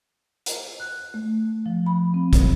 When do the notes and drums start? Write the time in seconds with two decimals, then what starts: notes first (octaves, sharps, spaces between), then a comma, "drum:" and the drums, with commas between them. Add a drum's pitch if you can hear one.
0.46 drum: hi-hat
0.80 F#6
1.14 A3
1.66 F3
1.86 B5
2.14 C4
2.33 drum: kick, hi-hat